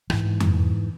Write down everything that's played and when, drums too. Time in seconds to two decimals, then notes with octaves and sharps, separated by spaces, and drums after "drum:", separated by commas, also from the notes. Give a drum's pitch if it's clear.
0.10 G#2 E3, drum: rim click
0.40 drum: tom F2